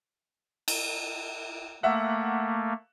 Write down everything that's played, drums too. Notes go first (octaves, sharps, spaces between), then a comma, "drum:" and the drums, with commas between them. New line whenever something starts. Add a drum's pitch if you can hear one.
drum: cymbal
A3 A#3 E5 F#5